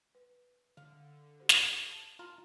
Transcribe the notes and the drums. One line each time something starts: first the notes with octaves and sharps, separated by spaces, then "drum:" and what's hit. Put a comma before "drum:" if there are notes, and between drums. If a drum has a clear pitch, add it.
B4
D3 F5
F#4 G4 C5
drum: snare
A5
F4 A#4